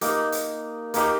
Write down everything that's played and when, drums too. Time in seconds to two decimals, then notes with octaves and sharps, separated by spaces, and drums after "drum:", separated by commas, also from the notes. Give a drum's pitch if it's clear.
0.01 A#3 D#4 G4, drum: hi-hat
0.32 drum: hi-hat
0.94 A#3 D#4 G4, drum: hi-hat